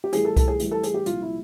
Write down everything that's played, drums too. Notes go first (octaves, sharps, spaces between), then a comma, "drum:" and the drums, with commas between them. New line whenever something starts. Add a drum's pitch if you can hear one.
G4
A2 E3 G3 G#4, drum: hi-hat
A4
A4, drum: kick C2, hi-hat
G#4
A2 E3 G3, drum: hi-hat
A4
G#4, drum: hi-hat
G4
C2 A#2 F3 F4, drum: hi-hat
E4